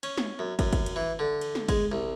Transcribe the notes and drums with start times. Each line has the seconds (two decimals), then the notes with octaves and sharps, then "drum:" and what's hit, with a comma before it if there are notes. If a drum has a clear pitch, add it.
0.03 C#4, drum: cymbal
0.18 drum: snare
0.39 F#2
0.59 F#2, drum: kick, cymbal
0.73 drum: kick, cymbal
0.86 drum: cymbal
0.96 E3
1.19 D3
1.41 drum: cymbal
1.55 drum: snare
1.69 G#3, drum: kick, cymbal
1.92 C2